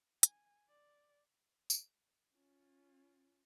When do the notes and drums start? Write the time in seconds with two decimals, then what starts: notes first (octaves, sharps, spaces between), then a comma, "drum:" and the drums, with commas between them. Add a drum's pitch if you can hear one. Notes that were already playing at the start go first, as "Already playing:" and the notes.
0.23 G#5, drum: hi-hat
0.69 D5
1.70 drum: tambourine
2.34 C#4 F4